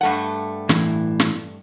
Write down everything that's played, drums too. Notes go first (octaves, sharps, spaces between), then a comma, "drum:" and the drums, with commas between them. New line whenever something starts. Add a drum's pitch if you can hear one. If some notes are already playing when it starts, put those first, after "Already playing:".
G2 A3 F#5
A2 E3, drum: snare
drum: snare